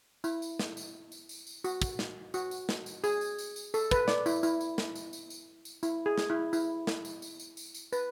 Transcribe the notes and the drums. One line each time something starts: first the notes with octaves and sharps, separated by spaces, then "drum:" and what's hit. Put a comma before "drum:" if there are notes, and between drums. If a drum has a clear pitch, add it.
E4, drum: tambourine
drum: tambourine
drum: snare
drum: tambourine
drum: tambourine
drum: tambourine
drum: tambourine
F#4, drum: tambourine
drum: kick, tambourine
drum: snare
F#4, drum: tambourine
drum: tambourine
drum: snare
drum: tambourine
G#4, drum: tambourine
drum: tambourine
drum: tambourine
drum: tambourine
A4, drum: tambourine
B4, drum: kick, tambourine
D5, drum: snare
E4, drum: tambourine
E4, drum: tambourine
drum: tambourine
drum: snare
drum: tambourine
drum: tambourine
drum: tambourine
drum: tambourine
E4, drum: tambourine
G#4
drum: snare
E4
E4, drum: tambourine
drum: snare
drum: tambourine
drum: tambourine
drum: tambourine
drum: tambourine
drum: tambourine
B4, drum: tambourine